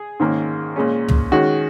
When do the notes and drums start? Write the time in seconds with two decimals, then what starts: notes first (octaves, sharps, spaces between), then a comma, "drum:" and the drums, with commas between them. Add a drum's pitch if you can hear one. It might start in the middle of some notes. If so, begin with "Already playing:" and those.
Already playing: G#4
0.20 G#2 D#3 A#3 C#4
0.76 A#2 G#3 C#4
1.09 drum: tom
1.32 D#3 G#3 C#4 F#4